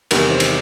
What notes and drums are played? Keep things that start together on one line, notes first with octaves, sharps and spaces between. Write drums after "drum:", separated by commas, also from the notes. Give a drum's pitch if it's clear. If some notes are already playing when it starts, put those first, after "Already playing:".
E2 C3 D#3 G3 A#4, drum: cymbal
C5
drum: cymbal